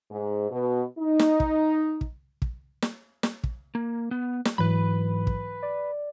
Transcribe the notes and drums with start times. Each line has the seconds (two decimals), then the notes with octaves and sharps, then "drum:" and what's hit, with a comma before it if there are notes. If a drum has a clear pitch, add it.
0.11 G#2
0.51 B2
0.99 D#4
1.19 drum: snare
1.40 drum: kick
2.01 drum: kick
2.42 drum: kick
2.82 drum: snare
3.23 drum: snare
3.44 drum: kick
3.75 A#3
4.11 B3
4.45 drum: snare
4.58 G#2 E3 F#3 B4 B5
5.27 drum: kick
5.63 D5